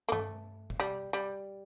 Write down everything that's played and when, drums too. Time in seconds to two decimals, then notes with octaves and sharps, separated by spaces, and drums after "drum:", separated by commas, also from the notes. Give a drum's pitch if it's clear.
0.09 A#3
0.12 A3, drum: tom G2
0.70 drum: kick
0.80 G3
1.13 G3